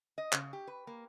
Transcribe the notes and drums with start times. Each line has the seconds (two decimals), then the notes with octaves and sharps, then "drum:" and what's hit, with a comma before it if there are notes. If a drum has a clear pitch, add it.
0.18 D#5
0.32 C#3, drum: clap
0.53 G4
0.67 B4
0.87 A#3